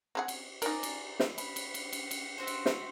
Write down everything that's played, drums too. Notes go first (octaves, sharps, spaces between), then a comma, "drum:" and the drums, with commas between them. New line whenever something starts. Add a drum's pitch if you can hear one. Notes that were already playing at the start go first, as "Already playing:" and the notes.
C4 G#4 F#5
drum: cymbal
D#4 A#4 D5 G#5 A#5, drum: cymbal
drum: cymbal
drum: snare
B5, drum: cymbal
drum: cymbal
drum: cymbal
drum: cymbal
drum: cymbal
C4 F#4 C5
drum: cymbal
drum: snare